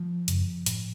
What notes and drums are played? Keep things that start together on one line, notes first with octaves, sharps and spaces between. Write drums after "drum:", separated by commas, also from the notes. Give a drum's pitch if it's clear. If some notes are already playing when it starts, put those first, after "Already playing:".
Already playing: F3
F#2 C#3, drum: hi-hat
A2, drum: hi-hat